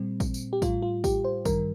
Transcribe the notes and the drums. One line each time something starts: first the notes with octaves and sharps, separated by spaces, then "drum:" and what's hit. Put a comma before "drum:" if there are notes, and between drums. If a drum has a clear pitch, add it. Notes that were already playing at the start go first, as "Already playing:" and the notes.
Already playing: A#2 G3 C4
drum: kick A1, tambourine
drum: tambourine
G4
A2 G3 F4, drum: kick A1, tambourine
F4
G4, drum: kick A1, tambourine
C5
G2 D#3 G3 A#4, drum: kick A1, tambourine